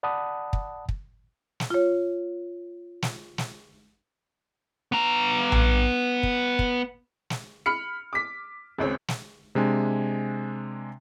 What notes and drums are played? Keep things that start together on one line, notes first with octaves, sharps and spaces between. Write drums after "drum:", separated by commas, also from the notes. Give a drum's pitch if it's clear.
D5 F#5 A5 B5 D#6
drum: kick
drum: kick
drum: snare
F4 C#5
drum: snare
drum: snare
B3 A#5
drum: tom A#1
drum: kick
drum: kick
drum: snare
B5 F6 C#7
D6 B6
G#1 C#2 C4 C#4
drum: snare
C3 G#3 D4 G#5